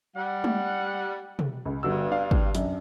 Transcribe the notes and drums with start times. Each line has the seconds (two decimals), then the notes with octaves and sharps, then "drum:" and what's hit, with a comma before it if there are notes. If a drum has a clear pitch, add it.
0.16 G3 F#5
0.44 drum: tom
1.39 drum: tom
1.65 C#2
1.83 G1 G2 F#4 E6
2.11 D4 F5
2.31 drum: kick
2.55 F#2 D4, drum: hi-hat